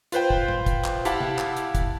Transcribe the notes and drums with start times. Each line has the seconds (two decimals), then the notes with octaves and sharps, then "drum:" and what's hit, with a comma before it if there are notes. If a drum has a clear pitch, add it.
0.12 F4 B4 C5 G5, drum: hi-hat
0.30 drum: kick
0.48 drum: tom A2
0.66 drum: kick, hi-hat
0.84 drum: clap
1.05 E4 G4 F5 F#5 A5 B5, drum: hi-hat
1.20 drum: tom
1.39 drum: clap
1.57 drum: hi-hat
1.75 drum: kick, hi-hat